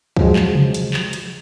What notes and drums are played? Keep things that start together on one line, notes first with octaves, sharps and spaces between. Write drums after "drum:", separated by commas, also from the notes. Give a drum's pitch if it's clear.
F3 F#3 G#3, drum: kick C#2
drum: clap
drum: tom C3
drum: hi-hat
drum: clap
drum: hi-hat